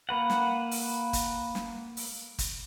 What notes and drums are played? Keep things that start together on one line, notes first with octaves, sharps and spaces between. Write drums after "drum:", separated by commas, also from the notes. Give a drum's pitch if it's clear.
A#3 B4 F#5
drum: snare
drum: open hi-hat
drum: kick, hi-hat
drum: snare
drum: open hi-hat
drum: kick, hi-hat